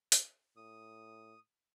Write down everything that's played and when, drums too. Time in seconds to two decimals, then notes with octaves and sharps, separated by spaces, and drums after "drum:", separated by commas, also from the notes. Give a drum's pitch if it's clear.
0.12 drum: hi-hat
0.57 A2 D#6